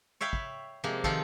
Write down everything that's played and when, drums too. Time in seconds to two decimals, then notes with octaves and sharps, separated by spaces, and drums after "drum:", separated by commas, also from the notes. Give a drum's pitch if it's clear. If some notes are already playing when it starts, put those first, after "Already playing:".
0.21 C#5 E5 F5 G5 B5
0.33 drum: kick
0.84 C3 F3 G#3 A#3
1.04 D#3 F3 F4 A4, drum: kick